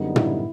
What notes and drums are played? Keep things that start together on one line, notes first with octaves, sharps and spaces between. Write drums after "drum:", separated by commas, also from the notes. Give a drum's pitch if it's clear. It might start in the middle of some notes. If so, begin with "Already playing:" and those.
Already playing: F#2 D3 G3 B3 D#4
E4, drum: tom